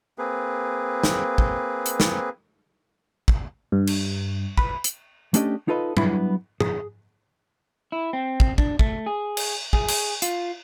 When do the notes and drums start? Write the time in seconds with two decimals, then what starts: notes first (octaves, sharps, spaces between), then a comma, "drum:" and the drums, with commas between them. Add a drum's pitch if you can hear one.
0.18 A#3 C4 G#4 B4
1.03 drum: snare
1.38 drum: kick
1.86 drum: hi-hat
2.00 drum: snare
3.28 drum: kick
3.72 G2
3.87 drum: cymbal
4.57 B4, drum: kick
4.84 drum: hi-hat
5.34 A3 C#4 D4 G4 D#5, drum: hi-hat
5.68 D#4 F4 A4 B4 D#5
5.97 F#3 G3 B3 D4 E4, drum: tom
6.60 G#4, drum: tom
7.92 E4
8.13 C4
8.40 drum: kick
8.58 D4, drum: kick
8.79 A3, drum: kick
9.06 G#4
9.37 drum: cymbal
9.73 G#4, drum: kick
9.88 drum: cymbal
10.22 F4, drum: hi-hat